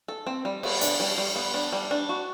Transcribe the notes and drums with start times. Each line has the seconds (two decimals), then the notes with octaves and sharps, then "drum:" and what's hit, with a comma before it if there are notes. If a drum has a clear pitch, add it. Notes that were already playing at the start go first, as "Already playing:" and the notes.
0.08 A4
0.27 C4
0.45 G3
0.63 B3, drum: cymbal
0.81 D4, drum: hi-hat
1.00 G3
1.18 G3
1.36 B3
1.54 D4
1.73 G3
1.91 D4
2.09 F#4